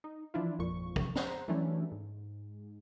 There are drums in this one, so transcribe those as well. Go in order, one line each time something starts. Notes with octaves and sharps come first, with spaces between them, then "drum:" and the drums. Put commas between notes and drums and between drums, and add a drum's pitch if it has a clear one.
D#4
E3 F3 D4 E4 F4
G#1 F2 A#2 F3 C#6
drum: kick
C5 F#5 A#5, drum: snare
E3 F#3 G3 A3 C#4 D4
G#2